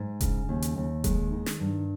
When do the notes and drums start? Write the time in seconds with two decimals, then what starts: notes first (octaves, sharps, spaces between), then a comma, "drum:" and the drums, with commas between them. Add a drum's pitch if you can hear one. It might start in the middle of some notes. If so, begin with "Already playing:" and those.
Already playing: G#2
0.21 C#3, drum: kick E1, hi-hat
0.49 D#2
0.62 drum: hi-hat
0.77 D#2
1.04 D#3 G#3, drum: kick E1, hi-hat
1.32 D#3
1.46 drum: snare
1.60 G2